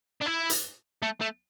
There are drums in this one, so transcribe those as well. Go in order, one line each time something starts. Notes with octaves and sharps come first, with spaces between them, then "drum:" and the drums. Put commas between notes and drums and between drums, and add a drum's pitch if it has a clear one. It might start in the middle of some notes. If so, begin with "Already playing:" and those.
D4
E4
drum: hi-hat
A3
A3